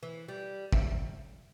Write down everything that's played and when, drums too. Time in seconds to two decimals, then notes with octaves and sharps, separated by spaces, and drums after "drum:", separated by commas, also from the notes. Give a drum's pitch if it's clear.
0.03 E3
0.28 G3
0.73 E5, drum: kick